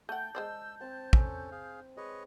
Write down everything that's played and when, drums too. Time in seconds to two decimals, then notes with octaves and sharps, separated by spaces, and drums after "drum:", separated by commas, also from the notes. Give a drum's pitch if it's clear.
0.09 A3 F#5 G5 A5 G6
0.35 G#3 C5 D5 E6
0.81 C4 A5 E6
1.13 C#4 A4, drum: kick
1.52 G#4 F5
1.97 G#3 B4 C#5 D#5